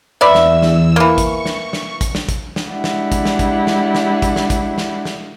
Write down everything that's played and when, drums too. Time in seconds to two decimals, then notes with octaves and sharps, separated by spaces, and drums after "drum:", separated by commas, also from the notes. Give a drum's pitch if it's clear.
0.21 E2 B4 D5 E5 E6
0.35 drum: snare
0.62 drum: snare
0.96 E3 A#3 C#6
1.18 drum: kick, hi-hat
1.45 drum: snare
1.73 drum: snare
2.01 drum: kick, hi-hat
2.15 drum: snare
2.29 drum: kick, hi-hat
2.56 drum: snare
2.72 G#3 D4 E4 G4 F#5
2.84 drum: snare
3.12 drum: kick, hi-hat
3.25 drum: snare
3.39 drum: kick, hi-hat
3.67 drum: snare
3.95 drum: snare
4.22 drum: kick, hi-hat
4.36 drum: snare
4.50 drum: kick, hi-hat
4.78 drum: snare
5.05 drum: snare